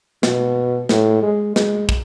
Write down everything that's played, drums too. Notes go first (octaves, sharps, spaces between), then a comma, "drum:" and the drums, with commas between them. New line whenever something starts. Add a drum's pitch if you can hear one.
B2, drum: snare
A2, drum: snare
G#3
G#3, drum: snare
drum: kick